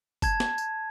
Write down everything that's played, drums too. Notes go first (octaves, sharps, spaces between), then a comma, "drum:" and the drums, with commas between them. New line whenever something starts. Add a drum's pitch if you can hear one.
A5 G#6, drum: kick, tambourine
drum: snare
drum: tambourine